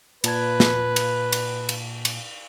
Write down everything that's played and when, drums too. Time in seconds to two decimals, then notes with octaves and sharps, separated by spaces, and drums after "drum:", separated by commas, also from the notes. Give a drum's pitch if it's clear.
0.24 A#2 B4 A5 G#6, drum: cymbal
0.60 drum: snare
0.96 drum: cymbal
1.33 drum: cymbal
1.69 drum: cymbal
2.05 drum: cymbal